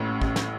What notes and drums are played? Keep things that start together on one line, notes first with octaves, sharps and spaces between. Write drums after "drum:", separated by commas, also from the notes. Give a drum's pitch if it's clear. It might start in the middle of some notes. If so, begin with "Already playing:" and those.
Already playing: A1 A2
A1, drum: kick
drum: snare